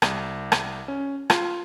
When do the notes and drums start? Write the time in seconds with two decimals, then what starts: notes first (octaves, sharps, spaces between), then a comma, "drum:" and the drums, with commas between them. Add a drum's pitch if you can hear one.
0.02 C2, drum: rim click
0.52 drum: rim click
0.88 C#4
1.30 F4, drum: rim click